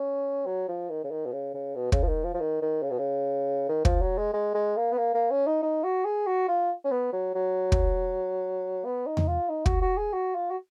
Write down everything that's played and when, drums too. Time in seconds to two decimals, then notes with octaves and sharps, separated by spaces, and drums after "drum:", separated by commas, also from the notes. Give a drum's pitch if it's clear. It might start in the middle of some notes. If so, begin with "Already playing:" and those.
Already playing: C#4
0.46 F#3
0.68 F3
0.89 D#3
1.04 C#3
1.11 D#3
1.25 B2
1.33 C#3
1.54 C#3
1.75 B2
1.92 C#3, drum: kick
2.03 F3
2.08 D#3
2.24 F3
2.34 F3
2.40 D#3
2.62 D#3
2.83 C#3
2.91 B2
2.98 C#3
3.69 D#3
3.85 F3, drum: kick
4.02 F#3
4.18 G#3
4.33 G#3
4.54 G#3
4.77 A#3
4.92 B3
4.98 A#3
5.14 A#3
5.30 C#4
5.47 D#4
5.63 D#4
5.84 F#4
6.05 G#4
6.27 F#4
6.48 F4
6.84 C#4
6.91 B3
7.13 F#3
7.35 F#3
7.72 drum: kick
8.85 B3
9.07 D#4
9.17 drum: tom E2
9.28 F4
9.49 D#4
9.66 F#4, drum: kick
9.82 F#4
9.97 G#4
10.13 F#4
10.35 F4
10.50 F#4